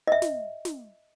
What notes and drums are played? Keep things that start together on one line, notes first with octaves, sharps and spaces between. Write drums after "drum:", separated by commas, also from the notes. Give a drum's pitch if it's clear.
D#5 E5
drum: snare
drum: snare